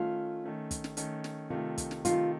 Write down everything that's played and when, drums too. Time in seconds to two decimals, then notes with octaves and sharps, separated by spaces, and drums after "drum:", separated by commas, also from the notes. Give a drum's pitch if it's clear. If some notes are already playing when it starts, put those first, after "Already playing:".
Already playing: D#3 A3 C#4 F4
0.44 D#3 A3 C#4
0.71 drum: kick, hi-hat
0.84 drum: snare
0.97 D#3 A3 C#4, drum: hi-hat
1.24 drum: snare
1.50 C3 D#3 A3 F4
1.78 drum: kick, hi-hat
1.91 drum: snare
2.05 C3 D#3 A3 F4, drum: hi-hat